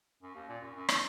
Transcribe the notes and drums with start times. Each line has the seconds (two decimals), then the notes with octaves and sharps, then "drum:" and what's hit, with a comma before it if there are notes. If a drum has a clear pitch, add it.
0.22 F#2
0.35 D#2
0.49 A#2
0.60 F#2
0.75 F#2
0.89 D#4, drum: rim click